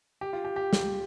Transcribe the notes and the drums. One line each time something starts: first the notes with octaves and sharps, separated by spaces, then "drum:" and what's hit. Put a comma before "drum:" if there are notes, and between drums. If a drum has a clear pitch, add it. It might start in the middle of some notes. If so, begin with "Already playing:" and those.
G4
F4
G4
G4
drum: snare